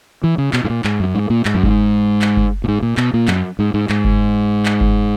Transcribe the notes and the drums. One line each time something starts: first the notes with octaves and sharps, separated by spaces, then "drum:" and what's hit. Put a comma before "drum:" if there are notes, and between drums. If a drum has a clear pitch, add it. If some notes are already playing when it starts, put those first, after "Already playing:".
E3
C#3
B2, drum: clap
G#2
A#2
G#2, drum: clap
F#2
G#2
A#2
G#2, drum: clap
F#2
G#2, drum: kick F#1
drum: clap
drum: kick F#1
A#2
G#2
A#2
B2, drum: clap
A#2
F#2, drum: clap
G#2
G#2
G#2, drum: clap
drum: kick F#1
drum: clap
drum: kick F#1